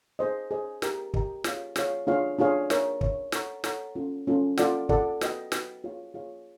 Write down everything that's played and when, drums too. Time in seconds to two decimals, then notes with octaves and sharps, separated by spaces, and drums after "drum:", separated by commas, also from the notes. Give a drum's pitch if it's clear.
0.19 G#4 C5 D#5
0.51 G#4 C5 D#5
0.82 G4 A#4 D#5 G5 A#5, drum: snare
1.14 G4 A#4 D#5 G5 A#5, drum: kick
1.44 F4 G#4 C#5 F5, drum: snare
1.76 F4 G#4 C#5 F5, drum: snare
2.07 D4 F4 G#4 C#5 F5
2.38 D4 F4 G#4 C#5 F5
2.70 A#4 C#5 E5, drum: snare
3.01 A#4 C#5 E5, drum: kick
3.32 A4 C#5 F#5 A#5 C#6, drum: snare
3.64 A4 C#5 F#5 A#5 C#6, drum: snare
3.95 C#4 F4 A4
4.27 C#4 F4 A4
4.57 F4 A4 D5 F#5, drum: snare
4.89 F4 A4 D5 F#5, drum: kick
5.21 F#4 B4 D#5 G5, drum: snare
5.52 F#4 B4 D#5 G5, drum: snare
5.84 F4 G#4 C#5 F5
6.14 F4 G#4 C#5 F5